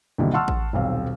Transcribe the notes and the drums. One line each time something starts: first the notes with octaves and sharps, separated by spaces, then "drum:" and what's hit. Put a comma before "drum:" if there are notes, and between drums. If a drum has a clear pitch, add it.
C2 A#2 D3 D#3 F#3 G3
F#5 A5 C6 C#6 E6 F6
drum: kick A1
D#1 B1 C4 F5